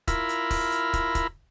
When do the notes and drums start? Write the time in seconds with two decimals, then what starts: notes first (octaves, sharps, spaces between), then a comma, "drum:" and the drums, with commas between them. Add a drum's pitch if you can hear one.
0.08 E4 F4 A#4 B5, drum: kick, hi-hat
0.29 drum: hi-hat
0.51 drum: kick, open hi-hat
0.72 drum: hi-hat
0.93 drum: kick, hi-hat
1.15 drum: kick, hi-hat